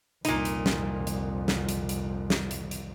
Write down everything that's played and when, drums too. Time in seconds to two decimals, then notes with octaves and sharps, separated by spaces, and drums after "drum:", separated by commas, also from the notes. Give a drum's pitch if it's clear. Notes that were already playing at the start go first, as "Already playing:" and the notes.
0.25 C2 F2 A#2 D#4, drum: hi-hat
0.45 drum: hi-hat
0.66 drum: snare
1.07 drum: hi-hat
1.48 drum: snare
1.69 drum: hi-hat
1.89 drum: hi-hat
2.30 drum: snare
2.51 drum: hi-hat
2.71 drum: hi-hat